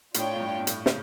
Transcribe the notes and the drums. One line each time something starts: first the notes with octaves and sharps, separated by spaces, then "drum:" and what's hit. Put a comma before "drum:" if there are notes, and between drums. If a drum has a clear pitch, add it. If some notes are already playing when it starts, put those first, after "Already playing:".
A2 D4 F4 C#5 G5, drum: hi-hat
A2
G2
G2
A2, drum: hi-hat
C#3, drum: snare